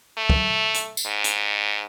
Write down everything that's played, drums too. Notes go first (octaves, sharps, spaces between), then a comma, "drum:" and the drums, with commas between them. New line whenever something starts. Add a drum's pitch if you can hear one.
A3
drum: kick
drum: hi-hat
drum: tambourine
G#2
drum: hi-hat